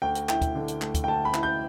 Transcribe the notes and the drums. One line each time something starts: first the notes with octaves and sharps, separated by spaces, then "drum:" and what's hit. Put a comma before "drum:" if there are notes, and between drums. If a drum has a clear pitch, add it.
D2 G5
drum: hi-hat
E4 G5, drum: clap
drum: kick, hi-hat
D3
drum: hi-hat
A3, drum: clap
drum: kick, hi-hat
G5
D2 A5
B5
E4, drum: clap
G6